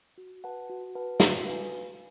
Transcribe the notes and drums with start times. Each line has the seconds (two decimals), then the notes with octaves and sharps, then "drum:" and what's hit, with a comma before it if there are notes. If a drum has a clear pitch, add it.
0.18 F#4
0.44 B4 F#5 A5
0.70 F#4
0.95 B4 F#5 A5
1.20 F#4, drum: snare
1.46 B4 F5 G#5